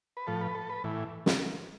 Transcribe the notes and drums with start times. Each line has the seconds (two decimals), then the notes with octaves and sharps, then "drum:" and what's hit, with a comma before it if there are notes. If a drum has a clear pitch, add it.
0.17 B4
0.27 A2 F3 A4
0.41 B4
0.55 A4
0.70 B4
0.84 A2 E3
1.26 drum: snare